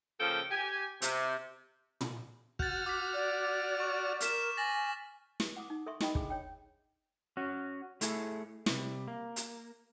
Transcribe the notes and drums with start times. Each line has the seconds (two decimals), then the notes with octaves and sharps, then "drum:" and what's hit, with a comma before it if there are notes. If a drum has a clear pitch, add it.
0.20 A#2 C#3 F3 A4 G5
0.51 G4 G#5
1.02 C3, drum: hi-hat
2.01 drum: tom
2.59 F#4 F6 G6 A6, drum: kick
2.86 D6 B6
3.14 D5
3.80 C#6
4.20 A#4 F6 B6 E7, drum: hi-hat
4.57 G#5 A6 A#6 F#7
5.40 drum: snare
5.56 F#5 D6 D#6
5.70 D#4
5.86 A4 E5 C6 C#6
6.01 D#4 D#5 G5 B5 D#6, drum: snare
6.15 D4 G#4, drum: kick
6.30 C#5 G5
7.37 C#4 F#4
8.01 A3 E4 G#4 A4, drum: hi-hat
8.66 C3 G3, drum: snare
9.08 A#3
9.36 drum: hi-hat